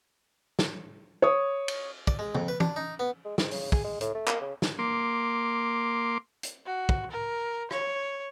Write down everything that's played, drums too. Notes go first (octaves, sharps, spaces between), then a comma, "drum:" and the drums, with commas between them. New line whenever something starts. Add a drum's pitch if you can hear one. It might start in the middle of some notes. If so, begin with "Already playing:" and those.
drum: snare
C#5 D#6
drum: cymbal
D5, drum: kick
G#3
F2, drum: tom
B4
D4, drum: tom E3
D#4
B3
G#3
G#2, drum: snare
C#3, drum: open hi-hat
G#4, drum: kick
G#3
A2, drum: hi-hat
A3
A#3, drum: clap
C#3
drum: snare
A#3 C6 D6
drum: hi-hat
F#4
drum: kick
A#4
C#5, drum: rim click